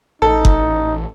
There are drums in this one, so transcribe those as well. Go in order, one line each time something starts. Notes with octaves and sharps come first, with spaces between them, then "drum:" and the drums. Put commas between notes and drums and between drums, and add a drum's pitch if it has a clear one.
A1 D#4 A4
drum: kick F#1